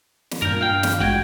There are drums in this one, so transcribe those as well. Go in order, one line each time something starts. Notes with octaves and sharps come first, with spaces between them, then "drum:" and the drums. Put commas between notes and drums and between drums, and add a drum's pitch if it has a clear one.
drum: snare
G2 A#2 A#4 G6
F5 G5
drum: snare
A1 G#3 F#4 G5 G#6